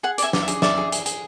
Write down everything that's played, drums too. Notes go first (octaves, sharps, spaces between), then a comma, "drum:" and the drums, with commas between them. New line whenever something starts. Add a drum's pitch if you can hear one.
G#4 F#5
D5, drum: hi-hat
E5 G#5
D5, drum: snare
E5
G#4, drum: hi-hat
D5 E5, drum: snare
G#4
G#4, drum: hi-hat
G#4, drum: hi-hat